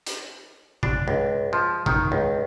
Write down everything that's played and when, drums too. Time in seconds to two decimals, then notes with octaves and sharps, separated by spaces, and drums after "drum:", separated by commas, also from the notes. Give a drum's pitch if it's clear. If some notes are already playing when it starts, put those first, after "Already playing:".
0.06 drum: hi-hat
0.83 D4, drum: kick A1
1.08 C#2
1.53 F3
1.86 D#3, drum: kick A1
2.12 C#2